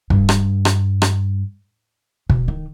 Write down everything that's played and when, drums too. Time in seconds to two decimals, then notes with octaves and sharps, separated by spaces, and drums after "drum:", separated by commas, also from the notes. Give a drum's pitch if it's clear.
0.10 G2, drum: kick
0.29 drum: rim click
0.65 drum: rim click
1.02 drum: rim click
2.30 B2, drum: kick
2.48 D#3